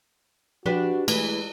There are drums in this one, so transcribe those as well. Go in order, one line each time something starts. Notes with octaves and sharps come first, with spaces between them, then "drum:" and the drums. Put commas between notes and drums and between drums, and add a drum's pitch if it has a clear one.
F3 D4 F#4 G4 B4
E3 G#3 A3, drum: cymbal